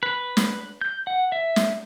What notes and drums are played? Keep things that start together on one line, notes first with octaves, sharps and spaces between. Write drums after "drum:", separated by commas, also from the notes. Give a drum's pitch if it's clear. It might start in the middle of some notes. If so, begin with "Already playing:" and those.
B4
drum: snare
G6
F#5
E5
drum: snare